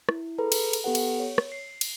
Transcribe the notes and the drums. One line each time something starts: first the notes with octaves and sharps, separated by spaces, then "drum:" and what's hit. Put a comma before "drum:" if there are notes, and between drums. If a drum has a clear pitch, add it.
E4, drum: rim click
G#4 A4 B4 A#5
drum: cymbal
drum: cymbal
B3 G4 A4 B4 F#5
drum: cymbal
C#5
drum: rim click
C7
drum: cymbal